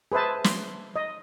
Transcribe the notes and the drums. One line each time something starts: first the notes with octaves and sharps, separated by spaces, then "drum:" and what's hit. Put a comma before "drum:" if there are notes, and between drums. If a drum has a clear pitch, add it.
G#4 B4 C5 E5 A5
C6, drum: snare
D#5